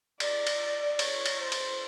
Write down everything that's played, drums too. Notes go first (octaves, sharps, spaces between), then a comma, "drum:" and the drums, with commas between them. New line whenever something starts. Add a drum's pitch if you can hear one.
D5, drum: cymbal
drum: cymbal
C#5, drum: cymbal
drum: cymbal
C5
drum: cymbal